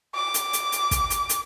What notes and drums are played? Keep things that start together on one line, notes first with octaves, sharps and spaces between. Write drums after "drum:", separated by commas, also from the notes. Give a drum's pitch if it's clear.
D6
drum: hi-hat
drum: hi-hat
drum: hi-hat
drum: kick, hi-hat
drum: hi-hat
drum: hi-hat